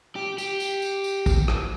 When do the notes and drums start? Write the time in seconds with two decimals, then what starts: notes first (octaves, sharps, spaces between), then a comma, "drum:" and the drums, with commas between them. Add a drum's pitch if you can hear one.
0.16 G4
0.38 G4, drum: tambourine
0.60 drum: tambourine
0.82 drum: tambourine
1.04 drum: tambourine
1.26 drum: kick, tambourine
1.48 drum: rim click